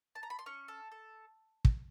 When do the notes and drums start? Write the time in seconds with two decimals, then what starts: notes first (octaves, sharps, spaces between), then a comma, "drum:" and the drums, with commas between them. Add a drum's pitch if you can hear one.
0.15 A5
0.23 A#5
0.30 B5
0.39 C6
0.46 C#4 C#6
0.68 A4
0.92 A4
1.65 drum: kick